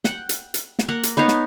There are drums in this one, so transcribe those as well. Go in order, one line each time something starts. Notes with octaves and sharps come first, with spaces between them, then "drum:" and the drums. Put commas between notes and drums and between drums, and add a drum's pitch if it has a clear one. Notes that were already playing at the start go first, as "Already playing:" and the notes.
F#5 G5, drum: snare
drum: hi-hat
drum: hi-hat
drum: snare
A#3 A#4 F#5
drum: hi-hat
B3 D#4 C#5 F5
drum: snare